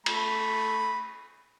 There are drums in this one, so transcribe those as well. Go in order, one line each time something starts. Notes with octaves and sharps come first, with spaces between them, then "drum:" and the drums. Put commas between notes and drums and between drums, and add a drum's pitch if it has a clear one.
A3 B5, drum: cymbal